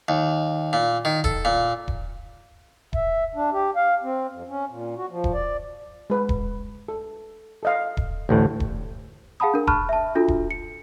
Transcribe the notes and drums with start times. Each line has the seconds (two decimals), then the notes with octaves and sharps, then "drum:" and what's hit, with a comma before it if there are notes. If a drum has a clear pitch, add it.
0.08 D#2
0.73 A#2
1.05 D#3
1.24 A4, drum: kick D#1
1.45 A#2
1.88 drum: kick D#1
2.93 E5, drum: kick D#1
3.35 D4
3.53 G4
3.76 F5
4.03 C4
4.32 F2
4.49 C#4
4.69 A#2
4.97 F#4
5.10 F3
5.24 drum: kick D#1
5.34 D5
6.10 G#3 B4
6.29 drum: kick D#1
6.88 A4
7.63 A4 D#5 F5
7.97 drum: kick D#1
8.29 A1 D2 A2
8.60 drum: kick D#1
9.40 G#4 F5 F#5 A5 B5 D#6
9.54 D4 A#4
9.67 A5 B5 C#6 F6 F#6, drum: kick D#1
9.89 E5 A5
10.15 D4 F4 F#4 A4
10.28 drum: kick D#1
10.51 C#7